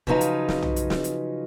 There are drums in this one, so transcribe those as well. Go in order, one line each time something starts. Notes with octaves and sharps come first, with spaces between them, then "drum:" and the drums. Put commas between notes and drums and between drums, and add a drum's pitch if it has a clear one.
C#3 F3 F#3 D#4 B4, drum: kick
drum: hi-hat
drum: snare
drum: tom
drum: hi-hat
drum: snare
drum: hi-hat